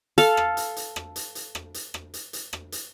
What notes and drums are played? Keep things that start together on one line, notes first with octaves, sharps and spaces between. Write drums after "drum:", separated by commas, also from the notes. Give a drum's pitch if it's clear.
A4 F5, drum: hi-hat
drum: rim click
drum: hi-hat
drum: hi-hat
drum: rim click
drum: hi-hat
drum: hi-hat
drum: rim click
drum: hi-hat
drum: rim click
drum: hi-hat
drum: hi-hat
drum: rim click
drum: hi-hat